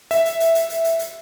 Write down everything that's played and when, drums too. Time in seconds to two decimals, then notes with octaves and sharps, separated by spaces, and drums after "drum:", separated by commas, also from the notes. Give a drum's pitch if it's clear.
0.11 E5, drum: hi-hat
0.26 drum: hi-hat
0.40 drum: hi-hat
0.55 drum: hi-hat
0.70 drum: hi-hat
0.84 drum: hi-hat
0.99 drum: hi-hat